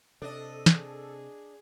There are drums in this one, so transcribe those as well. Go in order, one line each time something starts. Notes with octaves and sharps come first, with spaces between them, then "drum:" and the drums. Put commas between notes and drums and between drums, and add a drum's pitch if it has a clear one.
C3 D4 A4 D#5
G#4, drum: snare